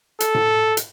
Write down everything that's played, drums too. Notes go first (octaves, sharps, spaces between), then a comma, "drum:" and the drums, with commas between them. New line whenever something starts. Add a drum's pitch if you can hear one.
A4, drum: hi-hat
drum: tom A2
drum: hi-hat